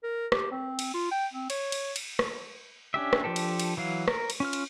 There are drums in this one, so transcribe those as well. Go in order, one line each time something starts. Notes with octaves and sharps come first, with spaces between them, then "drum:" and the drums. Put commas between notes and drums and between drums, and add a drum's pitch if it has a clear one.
A#4
G4, drum: rim click
C4
drum: cymbal
F4
G5
C4
C#5, drum: cymbal
drum: cymbal
drum: cymbal
drum: rim click
C#4 D4 G4 E5
drum: rim click
F3 D4 G4 A4
drum: cymbal
drum: cymbal
E3 F#3 F5
A#4, drum: rim click
drum: cymbal
C#4 F4 F6
drum: cymbal